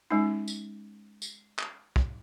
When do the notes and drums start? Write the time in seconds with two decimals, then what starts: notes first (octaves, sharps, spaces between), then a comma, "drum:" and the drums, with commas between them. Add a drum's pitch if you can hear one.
0.11 G#3 C#4 D#4
0.48 drum: tambourine
1.22 drum: tambourine
1.59 drum: clap
1.96 drum: kick